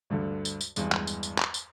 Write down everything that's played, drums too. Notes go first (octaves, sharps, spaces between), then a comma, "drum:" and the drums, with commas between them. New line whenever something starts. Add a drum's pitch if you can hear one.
D2 G2 D3
drum: tambourine
drum: tambourine
G#1 E2 G2 G#3, drum: tambourine
drum: clap
drum: tambourine
drum: tambourine
drum: clap
drum: tambourine